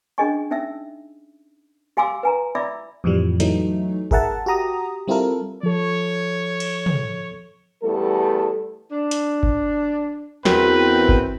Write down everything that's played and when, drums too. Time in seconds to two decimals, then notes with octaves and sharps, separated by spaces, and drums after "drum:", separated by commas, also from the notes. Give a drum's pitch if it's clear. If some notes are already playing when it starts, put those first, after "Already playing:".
0.18 C#4 D4 G#4 D#5 G#5 C#6
0.51 C#4 D#4 E5 E6
1.97 G4 F5 G#5 C6 D6 E6
2.23 B4 G#5 A#5
2.55 E4 D5 E5 B5 D6 E6
3.04 F2 A2 E3 F3 G3
3.40 E3 F#3 A3 D#4, drum: hi-hat
4.11 G#4 A#4 E5 F#5 A5, drum: kick G1
4.46 F#4 G4 A#5 D#6
5.08 G3 C4 E4 F4 A4 A#4
5.63 F3 A4 C#5
6.60 drum: cymbal
6.86 drum: tom
7.83 E2 G3 A3 A4
8.90 D4
9.11 drum: hi-hat
9.43 drum: kick G1
10.45 E2 E3 C4 F#4 A#4 B4 G5, drum: snare
11.09 drum: kick G1